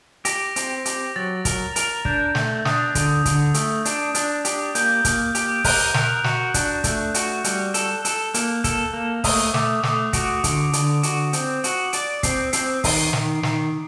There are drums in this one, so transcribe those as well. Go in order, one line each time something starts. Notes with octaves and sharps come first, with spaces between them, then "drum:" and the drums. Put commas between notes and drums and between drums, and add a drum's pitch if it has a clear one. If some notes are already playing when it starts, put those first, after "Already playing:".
G4 A#6, drum: hi-hat
C4, drum: hi-hat
G4, drum: hi-hat
F#3 A6
A#4, drum: kick, hi-hat
A#4, drum: hi-hat
D4 G6, drum: kick
A3, drum: snare
D4 D#6, drum: snare
D3, drum: kick, hi-hat
D3, drum: kick, hi-hat
A3, drum: hi-hat
D4, drum: hi-hat
D4, drum: hi-hat
G4, drum: hi-hat
A#3 G6, drum: hi-hat
A#3, drum: kick, hi-hat
G4, drum: hi-hat
A#4 F#6, drum: kick, open hi-hat
A#4, drum: snare
F#4, drum: snare
D4, drum: kick, hi-hat
A3, drum: kick, hi-hat
F#4, drum: hi-hat
G3, drum: hi-hat
A4, drum: hi-hat
A4, drum: hi-hat
A#3, drum: hi-hat
A4, drum: kick, hi-hat
A#3
A3 D#6, drum: kick, open hi-hat
A3 D6, drum: snare
A3 D#6, drum: snare
F#4 D7, drum: kick, hi-hat
D3, drum: kick, hi-hat
D3, drum: hi-hat
F#4, drum: hi-hat
C4, drum: hi-hat
F#4, drum: hi-hat
D5 D7, drum: hi-hat
C4 C7, drum: kick, hi-hat
C4 C7, drum: hi-hat
D#3, drum: kick, open hi-hat
D#3, drum: snare
D#3, drum: snare